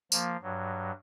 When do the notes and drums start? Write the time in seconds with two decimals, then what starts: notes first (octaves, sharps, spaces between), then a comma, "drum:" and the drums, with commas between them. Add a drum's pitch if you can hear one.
0.12 F3 A#3, drum: tambourine
0.42 G2 F#3